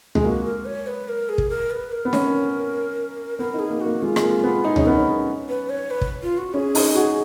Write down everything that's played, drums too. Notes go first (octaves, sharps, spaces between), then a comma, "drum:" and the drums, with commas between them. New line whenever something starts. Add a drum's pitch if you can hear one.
G#3, drum: tom C#2
A#3 F#4
A#4
C#5
B4
A#4
G#4
drum: kick
A#4
B4
A#4
B3
C#4, drum: snare
B3 A#4
D#4
G#4
A#3
A#3 F#4
G#3 F4
G#3, drum: rim click
A#3
B3
D#4 G#4
C#4, drum: tom C#2
B3 A#4
C#4
B4
C#5
B4
drum: kick
F4
F#4
C#4 G#4
D#4, drum: open hi-hat
F#4